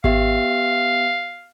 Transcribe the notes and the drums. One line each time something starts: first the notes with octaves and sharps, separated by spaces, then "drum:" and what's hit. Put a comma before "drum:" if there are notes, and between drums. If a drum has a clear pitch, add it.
B3 G4 E5 F5, drum: kick G#1